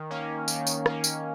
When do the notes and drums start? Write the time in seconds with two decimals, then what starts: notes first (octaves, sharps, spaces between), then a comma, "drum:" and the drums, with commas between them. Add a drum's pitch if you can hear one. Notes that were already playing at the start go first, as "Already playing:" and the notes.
Already playing: D#3
0.10 A#3 C#4
0.48 D#3, drum: tambourine
0.67 drum: tambourine
0.86 A#3 C#4, drum: rim click
1.04 drum: tambourine